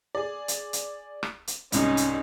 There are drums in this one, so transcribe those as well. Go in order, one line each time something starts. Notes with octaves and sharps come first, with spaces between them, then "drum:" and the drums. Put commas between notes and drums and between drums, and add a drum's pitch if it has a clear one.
G#4 D5
drum: hi-hat
drum: hi-hat
drum: rim click
drum: hi-hat
C2 G#2 C#4 D#4, drum: hi-hat
drum: hi-hat